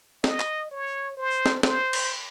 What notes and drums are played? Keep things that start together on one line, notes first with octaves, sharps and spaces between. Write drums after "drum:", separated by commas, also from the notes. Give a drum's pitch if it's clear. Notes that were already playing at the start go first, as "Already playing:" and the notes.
D#5, drum: snare
drum: clap
C#5
C5
drum: snare
C5, drum: snare
drum: cymbal